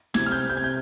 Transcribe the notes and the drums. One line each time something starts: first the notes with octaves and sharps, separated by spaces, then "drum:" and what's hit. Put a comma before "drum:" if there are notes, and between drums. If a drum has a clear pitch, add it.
C3 G#6, drum: snare
F6
G6
C3 G6
G#6
G6